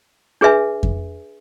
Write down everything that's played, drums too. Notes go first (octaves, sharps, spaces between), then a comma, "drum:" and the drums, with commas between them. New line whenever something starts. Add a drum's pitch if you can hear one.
D4 G#4 B4 E5 G#5
drum: kick F2